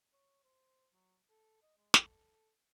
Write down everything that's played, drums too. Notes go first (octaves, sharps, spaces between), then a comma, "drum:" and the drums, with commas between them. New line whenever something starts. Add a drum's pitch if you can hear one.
C#5
C5
F#3
A4
D#5
G#3
A4, drum: snare